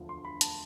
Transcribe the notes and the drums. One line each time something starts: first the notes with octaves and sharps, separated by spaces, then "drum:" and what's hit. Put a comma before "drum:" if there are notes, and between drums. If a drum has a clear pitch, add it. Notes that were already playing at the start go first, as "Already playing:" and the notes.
Already playing: E1 D2 D3 F3
C6
B5
A5, drum: hi-hat